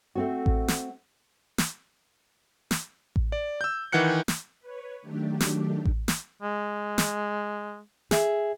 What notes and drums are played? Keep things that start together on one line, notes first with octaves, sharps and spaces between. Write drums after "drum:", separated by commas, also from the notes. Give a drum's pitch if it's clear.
A3 C4 F#4
drum: kick A1
drum: snare
drum: snare
drum: snare
drum: kick A1
D5
E6 G6
D#3 E3 F#5 F#6 C#7
drum: snare
B4 C#5
D#3 F#3 A3 D4 G4
drum: snare
drum: kick A1
drum: snare
G#3
drum: snare
G#4 E5, drum: snare